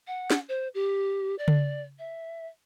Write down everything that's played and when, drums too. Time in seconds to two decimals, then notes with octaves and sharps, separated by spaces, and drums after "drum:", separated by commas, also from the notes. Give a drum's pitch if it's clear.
0.07 F#5
0.30 drum: snare
0.48 C5
0.74 G4
1.38 D5
1.48 drum: tom C#3
1.99 E5